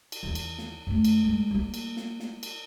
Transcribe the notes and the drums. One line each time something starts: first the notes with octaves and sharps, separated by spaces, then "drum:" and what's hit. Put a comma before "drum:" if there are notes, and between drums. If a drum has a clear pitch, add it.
drum: cymbal
E2 D#3
drum: cymbal
drum: snare
F#2 A3
drum: cymbal
G#3
G3 A#3
drum: cymbal
drum: snare
drum: snare
drum: cymbal